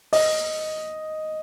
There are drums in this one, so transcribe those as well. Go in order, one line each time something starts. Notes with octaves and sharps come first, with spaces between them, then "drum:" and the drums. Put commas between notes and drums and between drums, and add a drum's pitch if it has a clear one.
D#5, drum: open hi-hat